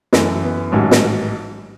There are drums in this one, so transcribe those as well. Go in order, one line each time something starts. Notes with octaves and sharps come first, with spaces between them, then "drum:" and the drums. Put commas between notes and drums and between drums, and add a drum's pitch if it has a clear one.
F#2 E3 A3, drum: snare
B3
A1 G#2 D#3 F#3 C#4
drum: snare